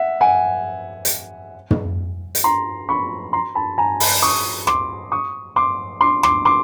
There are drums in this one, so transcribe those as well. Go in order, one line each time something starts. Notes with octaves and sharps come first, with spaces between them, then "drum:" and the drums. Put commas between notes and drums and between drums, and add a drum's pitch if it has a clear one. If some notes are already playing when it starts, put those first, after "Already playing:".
Already playing: E5 F#5
F#5 G#5
drum: hi-hat
drum: tom
drum: hi-hat
A#5 C6
B5 C#6
A#5 C6
A5 B5
G#5 A#5
A5 B5, drum: open hi-hat
C#6 D#6
C6 D6, drum: rim click
C#6 D#6
C6 D6
C6 D6
C6 D6, drum: rim click
C6 D6